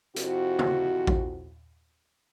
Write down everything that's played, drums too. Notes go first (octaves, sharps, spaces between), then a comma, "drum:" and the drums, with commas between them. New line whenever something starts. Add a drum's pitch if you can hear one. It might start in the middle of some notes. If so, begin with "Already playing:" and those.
F2 C3 E4 F#4, drum: hi-hat
drum: tom C#3
drum: kick A1